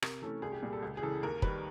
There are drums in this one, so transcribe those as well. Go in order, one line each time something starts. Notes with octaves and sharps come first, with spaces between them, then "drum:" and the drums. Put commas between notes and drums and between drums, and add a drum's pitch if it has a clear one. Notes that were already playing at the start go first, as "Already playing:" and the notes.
C3 A#4, drum: rim click
E3 A3 C#4 A4
C2 G#4
G4
A#2 G3 G#4
A4
C#2
G#4
C#3 E3 A4
D#2 A#4
D#3 G3 B4, drum: kick